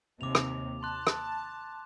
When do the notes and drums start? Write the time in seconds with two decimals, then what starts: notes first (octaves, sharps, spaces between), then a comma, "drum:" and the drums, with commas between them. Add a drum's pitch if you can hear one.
0.21 D#2 C3 D6 F7
0.35 drum: rim click
0.83 A5 C6 F#6
1.07 drum: rim click